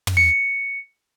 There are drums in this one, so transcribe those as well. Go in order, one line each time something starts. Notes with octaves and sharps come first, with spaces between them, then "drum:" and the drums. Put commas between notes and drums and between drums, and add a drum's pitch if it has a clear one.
drum: tom
C#7